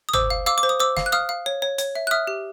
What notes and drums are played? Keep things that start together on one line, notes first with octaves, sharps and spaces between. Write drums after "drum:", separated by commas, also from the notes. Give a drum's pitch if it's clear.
D#6
C5 D6 E6, drum: tom G1
F5
F5 D6 E6
D6
C5
D#6
C5 D6 E6
F5, drum: snare
F#6
F5 D#6 F6
F5
C#5
C#5
C#5, drum: hi-hat
E5
F#6
E5 D#6 F6
G4